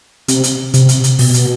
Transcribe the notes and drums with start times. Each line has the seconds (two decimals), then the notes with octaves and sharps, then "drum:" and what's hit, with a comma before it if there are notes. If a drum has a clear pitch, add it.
0.28 C3, drum: hi-hat
0.44 drum: hi-hat
0.74 C3, drum: hi-hat
0.89 drum: hi-hat
1.04 drum: hi-hat
1.19 B2, drum: open hi-hat
1.34 drum: hi-hat